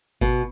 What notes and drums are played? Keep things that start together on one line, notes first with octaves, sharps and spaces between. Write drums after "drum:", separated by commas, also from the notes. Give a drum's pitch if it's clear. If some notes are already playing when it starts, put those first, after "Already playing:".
B2, drum: kick G1